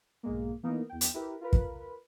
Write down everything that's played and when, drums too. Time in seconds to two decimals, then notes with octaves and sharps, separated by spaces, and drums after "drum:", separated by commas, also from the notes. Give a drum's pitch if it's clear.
0.23 B1 G#2 G#3 A#3
0.63 E3 A#3 B3 D#4 A#4
0.89 E2 G5
1.01 drum: hi-hat
1.14 E4 G4 A#4 B4
1.41 F4 A#4 B4 B5
1.53 drum: kick